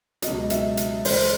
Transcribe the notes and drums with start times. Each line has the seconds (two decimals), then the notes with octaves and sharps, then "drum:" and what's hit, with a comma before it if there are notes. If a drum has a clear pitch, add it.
0.22 C#2 B2 F#3 D#5, drum: hi-hat
0.50 E5, drum: hi-hat
0.77 drum: hi-hat
1.05 C#2 C#3 E3 A3 C5, drum: open hi-hat